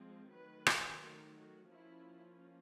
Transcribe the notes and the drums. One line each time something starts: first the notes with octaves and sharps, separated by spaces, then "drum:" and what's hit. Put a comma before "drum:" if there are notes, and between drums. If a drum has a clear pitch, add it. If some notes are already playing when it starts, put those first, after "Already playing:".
Already playing: F3 G#3 C4
D#3 F#3 A3 B4
drum: rim click
A#4
F#4
F3 A#3 C#4 E4